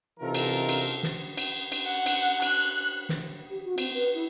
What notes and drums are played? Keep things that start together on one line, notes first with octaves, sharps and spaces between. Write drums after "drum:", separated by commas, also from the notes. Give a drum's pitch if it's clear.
C3 E3 D#4 F4 A4 A#4
drum: cymbal
drum: cymbal
drum: snare
drum: cymbal
drum: cymbal
F#5
drum: cymbal
F#6, drum: cymbal
drum: snare
G4
F#4
C4, drum: cymbal
B4
E4